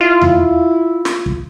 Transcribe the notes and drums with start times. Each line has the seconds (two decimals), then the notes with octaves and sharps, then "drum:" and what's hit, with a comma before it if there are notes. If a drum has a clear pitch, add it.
0.01 E4 F4
0.21 drum: tom E2
1.05 drum: snare
1.26 drum: kick